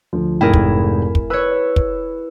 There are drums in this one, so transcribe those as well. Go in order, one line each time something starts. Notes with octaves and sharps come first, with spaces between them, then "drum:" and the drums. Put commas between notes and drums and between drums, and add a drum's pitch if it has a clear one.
D2 F3
F1 G#2 E4 G#4 A#4 G5
drum: kick
drum: kick
B4 C#5 E6
drum: kick